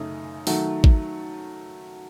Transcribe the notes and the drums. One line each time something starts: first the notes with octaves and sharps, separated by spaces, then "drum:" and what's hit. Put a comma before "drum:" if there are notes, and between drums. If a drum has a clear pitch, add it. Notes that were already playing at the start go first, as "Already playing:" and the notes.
Already playing: F#2 C#3 A3 D#4
D#3 F#3 A3, drum: open hi-hat
drum: kick